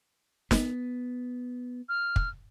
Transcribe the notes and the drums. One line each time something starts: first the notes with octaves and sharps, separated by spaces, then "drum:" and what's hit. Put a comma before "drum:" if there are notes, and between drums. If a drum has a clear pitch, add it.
B3, drum: snare
F6
drum: kick